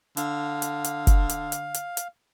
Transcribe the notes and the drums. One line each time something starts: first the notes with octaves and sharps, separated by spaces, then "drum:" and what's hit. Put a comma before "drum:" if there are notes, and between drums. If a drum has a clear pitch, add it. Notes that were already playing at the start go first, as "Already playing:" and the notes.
D3 F5, drum: hi-hat
drum: hi-hat
drum: hi-hat
drum: kick, hi-hat
drum: hi-hat
drum: hi-hat
drum: hi-hat
drum: hi-hat